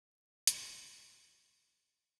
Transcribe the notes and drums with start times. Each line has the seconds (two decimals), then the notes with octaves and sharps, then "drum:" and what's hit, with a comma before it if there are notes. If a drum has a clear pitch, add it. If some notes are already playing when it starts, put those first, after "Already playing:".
Already playing: A2 A3 C4 F#5
0.15 A#5
0.47 A2 A3 C4, drum: hi-hat
0.71 F#5
0.95 C5
1.18 A#4
1.42 A2 A3 C4 A#4
1.66 C5
1.89 F5